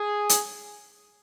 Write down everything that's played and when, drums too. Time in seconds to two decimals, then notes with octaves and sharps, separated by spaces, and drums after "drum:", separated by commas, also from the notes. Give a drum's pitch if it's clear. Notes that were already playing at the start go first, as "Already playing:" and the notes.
Already playing: G#4
0.29 drum: hi-hat